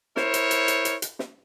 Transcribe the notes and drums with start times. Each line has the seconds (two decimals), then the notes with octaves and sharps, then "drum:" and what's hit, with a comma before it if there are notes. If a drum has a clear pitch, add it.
0.17 E4 A#4 C5 C#5, drum: snare
0.34 drum: hi-hat
0.51 drum: hi-hat
0.68 drum: hi-hat
0.85 drum: hi-hat
1.02 drum: hi-hat
1.19 drum: snare